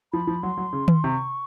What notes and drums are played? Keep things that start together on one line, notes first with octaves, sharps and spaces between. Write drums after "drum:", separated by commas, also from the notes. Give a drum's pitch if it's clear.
F3 B5
F3
F#3 C6
F#3
C#3
drum: tom D#3
C3 C#6